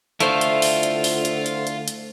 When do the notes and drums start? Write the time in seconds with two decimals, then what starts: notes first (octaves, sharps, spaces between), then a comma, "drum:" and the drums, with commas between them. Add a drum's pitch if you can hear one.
0.20 D3 A3 E4 F4 C5, drum: hi-hat
0.41 drum: hi-hat
0.62 drum: open hi-hat
0.83 drum: hi-hat
1.04 drum: open hi-hat
1.25 drum: hi-hat
1.46 drum: hi-hat
1.67 drum: hi-hat
1.88 drum: hi-hat